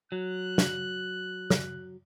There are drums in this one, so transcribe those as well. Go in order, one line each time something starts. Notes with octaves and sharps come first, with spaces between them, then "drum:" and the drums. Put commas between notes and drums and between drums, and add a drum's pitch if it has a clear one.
F#3 F#6
drum: snare
drum: snare